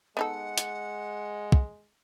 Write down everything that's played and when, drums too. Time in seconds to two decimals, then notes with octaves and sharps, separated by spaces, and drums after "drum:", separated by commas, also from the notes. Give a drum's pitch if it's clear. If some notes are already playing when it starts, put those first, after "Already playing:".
0.17 G#3 B3 D#4 A4 F#5
0.58 drum: hi-hat
1.52 drum: kick